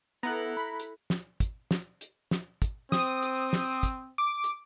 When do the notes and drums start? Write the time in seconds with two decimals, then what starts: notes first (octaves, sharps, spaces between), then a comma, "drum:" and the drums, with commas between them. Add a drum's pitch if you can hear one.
0.23 B3 E4 A4 A#5 F#6
0.57 B5
0.80 drum: hi-hat
1.10 drum: snare
1.40 drum: kick, hi-hat
1.71 drum: snare
2.01 drum: hi-hat
2.31 drum: snare
2.62 drum: kick, hi-hat
2.92 C4 D#6, drum: snare
3.22 drum: hi-hat
3.53 drum: snare
3.83 drum: kick, hi-hat
4.18 D6
4.44 drum: hi-hat